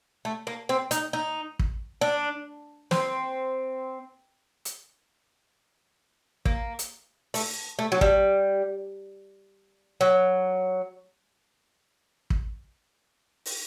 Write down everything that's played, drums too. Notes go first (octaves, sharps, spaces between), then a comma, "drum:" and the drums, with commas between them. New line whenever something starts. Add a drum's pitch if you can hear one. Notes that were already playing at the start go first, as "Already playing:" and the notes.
A3
A#3
C4
D#4, drum: hi-hat
D#4
drum: kick
D4
C4, drum: snare
drum: hi-hat
A#3, drum: kick
drum: hi-hat
A3, drum: open hi-hat
A3
F#3
G3, drum: kick
F#3
drum: kick
drum: open hi-hat